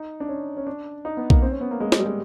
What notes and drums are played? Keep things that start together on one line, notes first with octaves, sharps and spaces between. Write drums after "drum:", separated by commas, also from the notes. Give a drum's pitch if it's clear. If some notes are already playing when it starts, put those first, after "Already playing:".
Already playing: D#4
D4
C#4
C#4
D4
D#4
B3
A#3, drum: kick B1
C4
C#4
B3
A#3
G#3
G#3, drum: snare
G3
G#3